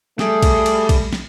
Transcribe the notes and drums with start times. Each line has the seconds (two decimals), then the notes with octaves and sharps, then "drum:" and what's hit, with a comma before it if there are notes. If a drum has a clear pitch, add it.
0.19 G3 A3 G#4, drum: snare
0.43 drum: kick, cymbal
0.66 drum: cymbal
0.89 drum: kick, cymbal
1.13 drum: snare